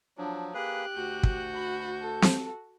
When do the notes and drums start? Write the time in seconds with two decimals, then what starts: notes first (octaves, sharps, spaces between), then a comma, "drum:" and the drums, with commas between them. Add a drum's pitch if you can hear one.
0.18 F3 F#3 D4
0.54 A#3 G4 G#4 B4 F#6
0.96 D2 F#4 G6
1.23 drum: kick
1.55 B5
2.01 A4
2.22 drum: snare C4